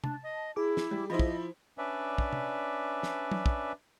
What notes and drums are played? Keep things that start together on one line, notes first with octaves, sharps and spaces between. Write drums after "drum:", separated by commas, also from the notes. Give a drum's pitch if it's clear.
D4 A5, drum: tom C3
D#5
E4 G#4 D6
drum: snare
G3
F3 E4 C5 D#5 B5
drum: kick
C#4 D4 B4 D5 E5
drum: kick
drum: tom
drum: snare
drum: tom F#3
drum: kick